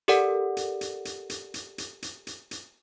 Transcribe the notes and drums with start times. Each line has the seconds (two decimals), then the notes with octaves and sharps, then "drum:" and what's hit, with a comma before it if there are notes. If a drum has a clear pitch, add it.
0.08 G4 A4 A#4 D5 F#5, drum: hi-hat
0.57 drum: hi-hat
0.81 drum: hi-hat
1.05 drum: hi-hat
1.30 drum: hi-hat
1.54 drum: hi-hat
1.78 drum: hi-hat
2.02 drum: hi-hat
2.27 drum: hi-hat
2.51 drum: hi-hat